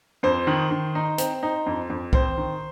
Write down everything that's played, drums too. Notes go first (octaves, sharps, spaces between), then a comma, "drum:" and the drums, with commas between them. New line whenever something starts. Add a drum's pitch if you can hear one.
F2 C5
D#3
D#3
D#4
C4, drum: hi-hat
D#4
F2
F2
C4 C5, drum: kick C2
D#3